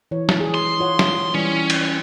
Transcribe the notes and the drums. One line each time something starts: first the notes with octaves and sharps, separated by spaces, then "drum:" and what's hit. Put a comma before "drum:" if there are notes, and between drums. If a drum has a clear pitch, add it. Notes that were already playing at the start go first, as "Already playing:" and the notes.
E3 C#5
drum: snare
G#4
C6
F4 C#5 F#5
drum: snare
E3 G3 C#4
drum: cymbal